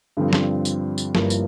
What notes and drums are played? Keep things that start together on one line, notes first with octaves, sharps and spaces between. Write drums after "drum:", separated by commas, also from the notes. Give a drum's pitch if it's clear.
G2 D3 F3 C4
drum: snare
drum: tambourine
drum: tambourine
G1 G2 F3 A#3 E4, drum: snare
drum: tambourine